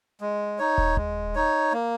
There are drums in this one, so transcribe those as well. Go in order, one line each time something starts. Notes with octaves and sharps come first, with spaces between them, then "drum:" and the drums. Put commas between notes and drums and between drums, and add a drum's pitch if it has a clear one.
G#3
D#4 C#5
drum: kick
G#3, drum: kick
D#4 C#5
A#3